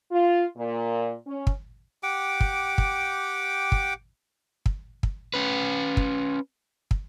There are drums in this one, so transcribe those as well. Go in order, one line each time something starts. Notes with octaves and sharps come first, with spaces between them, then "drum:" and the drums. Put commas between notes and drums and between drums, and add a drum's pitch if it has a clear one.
F4
A#2
C#4
drum: kick
G4 F#5 G5 D6
drum: kick
drum: kick
drum: kick
drum: kick
drum: kick
C#4 B4
drum: kick
drum: kick